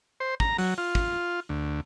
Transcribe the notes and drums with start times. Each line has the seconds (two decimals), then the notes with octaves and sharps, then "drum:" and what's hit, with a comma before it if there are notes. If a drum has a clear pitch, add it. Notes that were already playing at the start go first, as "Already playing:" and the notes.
0.20 C5
0.40 A#5, drum: kick
0.58 F#3, drum: open hi-hat
0.78 F4
0.95 drum: kick
1.49 D2